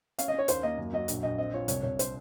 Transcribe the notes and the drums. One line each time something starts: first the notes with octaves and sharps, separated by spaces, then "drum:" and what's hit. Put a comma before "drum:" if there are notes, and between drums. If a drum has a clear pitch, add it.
C#4 F5, drum: hi-hat
D#5
C#4
C#5
D#2 C5, drum: hi-hat
A#3 D#5
F#2
F#3 D#5
A#1, drum: hi-hat
A#1 D#5
C4 D#5
F4 C#5
C2 C#5, drum: hi-hat
C2 C#5
C5, drum: hi-hat